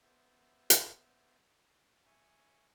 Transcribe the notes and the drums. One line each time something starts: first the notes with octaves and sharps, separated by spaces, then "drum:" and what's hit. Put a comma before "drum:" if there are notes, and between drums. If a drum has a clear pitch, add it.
B3 C5 E5
drum: hi-hat
E5 G#5 C#6